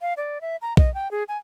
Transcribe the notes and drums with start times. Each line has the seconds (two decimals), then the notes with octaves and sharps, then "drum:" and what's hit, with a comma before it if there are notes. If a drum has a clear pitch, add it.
0.01 F5
0.17 D5
0.41 E5
0.62 A#5
0.77 D#5, drum: kick B1
0.94 G5
1.11 G#4
1.28 G#5